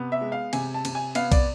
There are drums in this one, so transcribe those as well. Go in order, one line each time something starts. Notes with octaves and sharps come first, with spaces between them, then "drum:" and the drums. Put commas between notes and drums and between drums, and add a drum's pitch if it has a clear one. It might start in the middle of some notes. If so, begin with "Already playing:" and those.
Already playing: C3 B3
E5
G#3
F5
C3 G#5, drum: cymbal
A5
C3, drum: cymbal
G#5
B3 F5, drum: cymbal
D5, drum: kick, cymbal